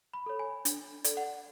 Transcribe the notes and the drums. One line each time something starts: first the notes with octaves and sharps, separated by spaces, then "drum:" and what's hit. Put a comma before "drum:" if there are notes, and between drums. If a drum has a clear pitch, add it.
B5
A4 C#5
G#5
D4, drum: hi-hat
A4 D5, drum: hi-hat
F#5